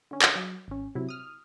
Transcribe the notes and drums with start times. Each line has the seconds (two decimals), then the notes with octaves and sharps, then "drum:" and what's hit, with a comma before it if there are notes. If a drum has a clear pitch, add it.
0.11 D3 C#4
0.22 drum: clap
0.35 F#3
0.68 G#1 C#4
0.95 C3 F#3 E4
1.09 D#6 F6